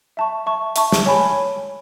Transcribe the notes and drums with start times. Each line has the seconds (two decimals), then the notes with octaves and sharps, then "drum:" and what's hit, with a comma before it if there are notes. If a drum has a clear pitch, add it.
0.17 E5 A5 C#6
0.46 E5 A5 C#6
0.76 E5 A5 C#6, drum: hi-hat
0.92 drum: snare
1.06 C#5 G#5 B5